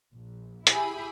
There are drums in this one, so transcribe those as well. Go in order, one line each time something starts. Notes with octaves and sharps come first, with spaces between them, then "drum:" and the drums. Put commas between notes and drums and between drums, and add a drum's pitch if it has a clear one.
A#1
E4 G4 G#4 B5, drum: hi-hat